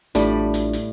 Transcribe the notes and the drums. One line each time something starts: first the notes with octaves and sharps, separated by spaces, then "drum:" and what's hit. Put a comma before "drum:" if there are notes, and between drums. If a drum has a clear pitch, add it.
A1 A2 G3 D4 F4 B5, drum: hi-hat
drum: hi-hat
drum: hi-hat